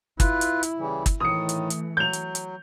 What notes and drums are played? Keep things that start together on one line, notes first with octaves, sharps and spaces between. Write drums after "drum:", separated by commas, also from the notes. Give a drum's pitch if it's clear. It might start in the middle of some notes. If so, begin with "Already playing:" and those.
E4 F4 B4, drum: kick, hi-hat
drum: hi-hat
drum: hi-hat
C#3 E3 G3
drum: kick, hi-hat
A2 D#3 E3 A3 D#6 C#7
drum: hi-hat
drum: hi-hat
F#3 G6 F7
drum: hi-hat
drum: hi-hat